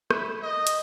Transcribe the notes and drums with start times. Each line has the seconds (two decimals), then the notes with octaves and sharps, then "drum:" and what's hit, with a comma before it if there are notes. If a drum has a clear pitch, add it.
0.11 E4, drum: rim click
0.43 D#5
0.67 drum: hi-hat